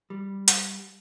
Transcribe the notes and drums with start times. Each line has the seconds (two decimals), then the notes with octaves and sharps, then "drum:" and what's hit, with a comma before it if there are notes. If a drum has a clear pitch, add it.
0.10 G3
0.48 drum: hi-hat